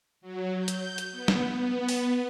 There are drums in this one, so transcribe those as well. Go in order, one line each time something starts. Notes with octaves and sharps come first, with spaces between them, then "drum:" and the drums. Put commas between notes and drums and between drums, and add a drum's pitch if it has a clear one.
F#3
G6
drum: hi-hat
drum: hi-hat
B3
drum: snare
B3
drum: open hi-hat